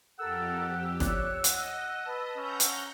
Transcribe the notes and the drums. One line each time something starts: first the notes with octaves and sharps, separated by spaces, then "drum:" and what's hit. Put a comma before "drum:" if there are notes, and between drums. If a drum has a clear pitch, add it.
F2 G4 A4 A#4 F#5 E6
C#5 D5 F#6, drum: snare
D#5 F#5, drum: hi-hat
B4 A5
C#4 F#5 A#5 G6
drum: hi-hat